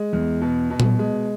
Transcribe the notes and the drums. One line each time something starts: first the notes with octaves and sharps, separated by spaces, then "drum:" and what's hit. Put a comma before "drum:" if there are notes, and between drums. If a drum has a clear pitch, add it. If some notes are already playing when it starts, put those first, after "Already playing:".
Already playing: G#3
E2
B2
B2
drum: tom A#2
G#3